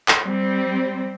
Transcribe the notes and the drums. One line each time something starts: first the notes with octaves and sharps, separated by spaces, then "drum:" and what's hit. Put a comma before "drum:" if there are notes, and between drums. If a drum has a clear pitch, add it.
drum: clap
G3 C4